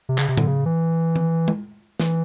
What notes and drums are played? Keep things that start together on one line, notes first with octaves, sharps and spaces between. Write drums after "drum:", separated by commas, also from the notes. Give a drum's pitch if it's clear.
C3
C#3, drum: clap
C3
D3, drum: tom
C#3
E3
drum: tom D#3
drum: tom G#3
E3, drum: snare